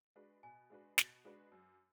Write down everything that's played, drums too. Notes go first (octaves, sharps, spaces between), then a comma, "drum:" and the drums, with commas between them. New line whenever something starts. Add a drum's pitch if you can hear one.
G#3 D4 F#4 B4
B2 G#5
G#3 D4 F#4 B4
B2, drum: snare
G#3 D4 F#4 B4
F#2